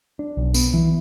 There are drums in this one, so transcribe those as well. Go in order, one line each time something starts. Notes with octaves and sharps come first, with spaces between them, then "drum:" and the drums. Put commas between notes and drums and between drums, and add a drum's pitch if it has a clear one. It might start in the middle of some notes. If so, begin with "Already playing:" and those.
D4
B1
B3, drum: tambourine
E3